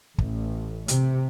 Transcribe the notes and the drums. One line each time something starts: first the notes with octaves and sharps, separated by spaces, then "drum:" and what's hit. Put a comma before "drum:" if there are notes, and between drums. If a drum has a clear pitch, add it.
A1, drum: kick
C3, drum: hi-hat